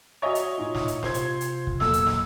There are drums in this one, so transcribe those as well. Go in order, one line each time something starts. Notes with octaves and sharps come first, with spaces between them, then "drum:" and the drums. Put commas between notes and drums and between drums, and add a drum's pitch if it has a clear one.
F#4 C#5 D#5 E5 G#5 A#5
drum: hi-hat
A2 D#4 F4
drum: snare
drum: hi-hat
C3 F4 C5 G#6, drum: snare
drum: hi-hat
drum: hi-hat
drum: kick
E2 F#3 A#3 A4 E6, drum: snare
drum: hi-hat
drum: snare